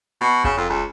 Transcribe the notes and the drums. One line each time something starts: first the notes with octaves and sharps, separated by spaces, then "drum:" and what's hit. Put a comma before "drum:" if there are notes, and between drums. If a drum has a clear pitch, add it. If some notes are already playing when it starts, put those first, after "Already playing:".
B2
C#3, drum: kick F1
F2
C#2